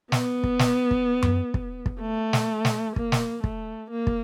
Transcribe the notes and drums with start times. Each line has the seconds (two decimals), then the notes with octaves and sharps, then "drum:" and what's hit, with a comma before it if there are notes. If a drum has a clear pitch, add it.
0.12 B3, drum: snare
0.44 drum: kick
0.59 drum: snare
0.91 drum: kick
1.23 drum: tom F#2
1.54 drum: kick
1.86 drum: kick
2.01 A3
2.33 drum: snare
2.65 drum: snare
2.96 A#3, drum: kick
3.12 drum: snare
3.44 A3, drum: kick
3.91 A#3
4.07 drum: kick